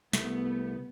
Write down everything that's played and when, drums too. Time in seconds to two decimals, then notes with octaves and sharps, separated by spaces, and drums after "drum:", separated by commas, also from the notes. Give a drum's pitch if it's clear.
0.13 C2 A3 B3, drum: snare